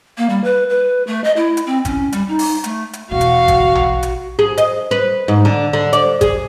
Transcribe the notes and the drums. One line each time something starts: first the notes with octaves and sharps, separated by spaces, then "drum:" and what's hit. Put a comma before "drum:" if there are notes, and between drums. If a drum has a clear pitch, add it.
A#3
G3
B4
B4
A3
D#5
E4
drum: hi-hat
C4
C#4, drum: kick G#1, hi-hat
G3, drum: hi-hat
D#4
drum: open hi-hat
A3, drum: hi-hat
drum: hi-hat
E1 G#3 F#4 F5
drum: hi-hat
drum: kick G#1, hi-hat
drum: tom A#1
drum: hi-hat
G#4
D#5, drum: hi-hat
B4
G#2
D3
D3
D5, drum: hi-hat
G#4, drum: kick G#1, hi-hat